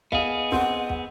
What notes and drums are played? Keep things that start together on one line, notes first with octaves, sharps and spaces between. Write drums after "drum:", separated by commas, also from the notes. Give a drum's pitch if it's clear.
B3 G#4 D#5 F5, drum: kick
C4 F#5, drum: kick
drum: kick